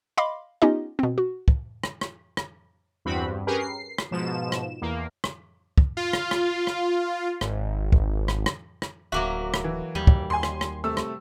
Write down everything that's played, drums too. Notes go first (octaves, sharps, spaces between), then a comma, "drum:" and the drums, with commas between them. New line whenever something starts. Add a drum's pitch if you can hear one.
D#5 F5 B5 C6 D6
B3 C#4 D#4 F4 G4 D#5
B2 C4
F#4
drum: kick
drum: rim click
drum: rim click
drum: rim click
E2 G2 C4 F#4 B5
G2
C#4 G4 G#4 A#4 B4
C7
drum: rim click
G#2 B2 F3 E7
drum: rim click
E2 A#3
drum: rim click
drum: kick
F4
drum: rim click
drum: rim click
drum: rim click
G#1, drum: rim click
drum: kick
drum: rim click
drum: rim click
drum: rim click
D1 F#3 A#3 F#4 E5 D6
drum: rim click
E3
D#2 G3
drum: kick
D#2 G#5 C6
drum: rim click
drum: rim click
C3 A3 E6
drum: rim click